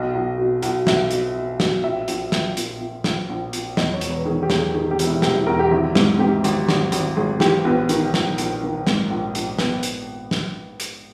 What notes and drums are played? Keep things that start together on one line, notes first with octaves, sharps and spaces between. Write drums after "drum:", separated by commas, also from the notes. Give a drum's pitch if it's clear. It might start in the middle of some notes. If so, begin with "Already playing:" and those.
Already playing: B1 D#5
B1
B2
B1, drum: hi-hat
B1 E5, drum: snare
B2, drum: hi-hat
B2
B2, drum: snare
A#1 E5
A#1, drum: hi-hat
A#2, drum: snare
A#2, drum: hi-hat
A#2
A#1, drum: snare
A#1
A#2, drum: hi-hat
E2 D#5, drum: snare
C#5
E1, drum: hi-hat
B4
D#3 G#4
G4
E2, drum: snare
G#4
D#3 G#4
G4
E1, drum: hi-hat
E4
E1 G4, drum: snare
E4
E2 A#4
G4
G#1 E4
G#2, drum: snare
G#2 G4
G#1, drum: hi-hat
G#1, drum: snare
G#1, drum: hi-hat
G#1 G#4
E3 G4, drum: snare
A#1 B3
D#3, drum: hi-hat
A#1, drum: snare
A#1, drum: hi-hat
D#3
G#2, drum: snare
A#1
A#1, drum: hi-hat
B3, drum: snare
drum: hi-hat
drum: snare
drum: hi-hat